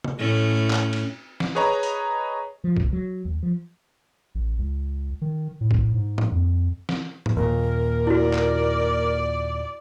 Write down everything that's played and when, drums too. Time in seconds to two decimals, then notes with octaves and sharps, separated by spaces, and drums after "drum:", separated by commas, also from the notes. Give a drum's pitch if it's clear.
0.04 drum: tom
0.18 A2 A3 C#4
0.71 drum: clap
0.93 drum: cymbal
1.40 drum: snare
1.55 G#4 B4 C#5 D#5 A#5
1.83 drum: hi-hat
2.64 F3
2.77 C#2, drum: kick
2.93 F#3
3.25 D#2
3.43 F3
4.35 A1
4.58 C#2
5.21 D#3
5.61 A2
5.71 drum: kick
5.94 G#2
6.18 drum: tom G#2
6.32 F2
6.89 drum: snare
7.26 drum: tom G#2
7.37 D#2 A#2 A#4
8.07 E4 F#4 D5
8.34 drum: clap